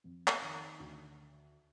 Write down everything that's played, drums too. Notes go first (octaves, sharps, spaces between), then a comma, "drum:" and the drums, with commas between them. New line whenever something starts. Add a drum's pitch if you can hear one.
F2
drum: clap
D#3
D2